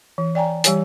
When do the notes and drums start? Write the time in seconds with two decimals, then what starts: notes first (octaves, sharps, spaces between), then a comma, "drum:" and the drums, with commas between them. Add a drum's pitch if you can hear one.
0.18 E3
0.35 D5 G5 G#5 A#5
0.64 E3 G3 G4 C#5 G#5, drum: hi-hat